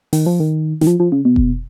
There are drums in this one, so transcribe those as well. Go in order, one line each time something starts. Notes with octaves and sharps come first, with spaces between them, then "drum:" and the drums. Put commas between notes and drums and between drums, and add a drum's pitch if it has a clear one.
D#3, drum: open hi-hat
F3
D#3
D#3, drum: snare
F3
F3
C#3
B2
drum: kick F1